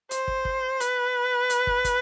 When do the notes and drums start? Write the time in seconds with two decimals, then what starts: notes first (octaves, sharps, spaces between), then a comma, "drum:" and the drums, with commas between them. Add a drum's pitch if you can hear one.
0.11 C5, drum: hi-hat
0.28 drum: kick
0.45 drum: kick
0.80 B4, drum: hi-hat
1.50 drum: hi-hat
1.67 drum: kick
1.84 drum: kick, hi-hat